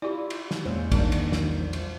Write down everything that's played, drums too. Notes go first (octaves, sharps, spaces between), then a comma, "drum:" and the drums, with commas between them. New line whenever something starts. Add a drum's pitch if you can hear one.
E4 F4 G4 D5
drum: cymbal
drum: snare
E2 A#2 G#3 C#4 C5
A#2 D#3 G3 D4, drum: kick, cymbal
drum: cymbal
drum: snare
F3
drum: cymbal